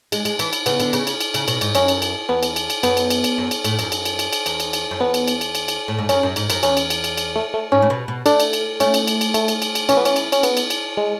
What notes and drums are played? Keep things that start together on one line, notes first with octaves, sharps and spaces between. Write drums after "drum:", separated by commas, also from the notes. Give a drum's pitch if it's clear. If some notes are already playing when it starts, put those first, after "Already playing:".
G#3, drum: cymbal
G#3, drum: cymbal
E3, drum: cymbal
drum: cymbal
C#3 B3, drum: cymbal
D3, drum: cymbal
C#3, drum: cymbal
drum: cymbal
drum: cymbal
C#3, drum: cymbal
B2, drum: cymbal
G#2, drum: cymbal
F#2 C#4, drum: cymbal
drum: cymbal
drum: cymbal
E2 B3
drum: cymbal
drum: cymbal
drum: cymbal
F#2 B3, drum: cymbal
drum: cymbal
drum: cymbal
drum: cymbal
F#2
drum: cymbal
A2, drum: cymbal
F#2, drum: cymbal
drum: cymbal
drum: cymbal
drum: cymbal
drum: cymbal
E2, drum: cymbal
drum: cymbal
drum: cymbal
F#2
E2 B3
drum: cymbal
drum: cymbal
drum: cymbal
drum: cymbal
drum: cymbal
A2
G#2
F#2 C#4, drum: cymbal
F#2
G#2, drum: cymbal
F#2, drum: cymbal
E2 C#4, drum: cymbal
drum: cymbal
drum: cymbal
drum: cymbal
drum: cymbal
A3
A3
G#2 C#4
A2
B2
B2
A3 D4, drum: cymbal
drum: cymbal
drum: cymbal
A3 C#4, drum: cymbal
drum: cymbal
drum: cymbal
drum: cymbal
A3, drum: cymbal
drum: cymbal
drum: cymbal
drum: cymbal
E3 C#4, drum: cymbal
B3
C#4, drum: cymbal
drum: cymbal
C#4, drum: cymbal
B3, drum: cymbal
drum: cymbal
drum: cymbal
G#3